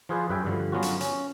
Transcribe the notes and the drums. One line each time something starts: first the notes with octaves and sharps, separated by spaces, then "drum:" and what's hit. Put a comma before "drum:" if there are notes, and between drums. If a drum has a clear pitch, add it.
F3 F4 G#4 B4 C5 D5
F#2 B4 E5 G5 G#5
G2 D3 F3
D3 F#3 B3 C#4 F4 F#4
drum: hi-hat
C#4, drum: hi-hat